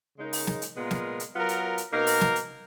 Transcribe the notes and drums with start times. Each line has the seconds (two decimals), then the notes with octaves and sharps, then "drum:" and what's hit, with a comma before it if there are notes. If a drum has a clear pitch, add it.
0.18 C#3 G#3 D#4 A#4
0.33 drum: open hi-hat
0.47 drum: snare
0.62 drum: hi-hat
0.76 A#2 G#3 B3 F4 A#4
0.91 drum: snare
1.20 drum: hi-hat
1.35 F#3 B3 F4 A#4
1.49 drum: hi-hat
1.78 drum: hi-hat
1.92 B2 A#3 D#4 A#4
2.07 drum: open hi-hat
2.21 drum: snare
2.36 drum: hi-hat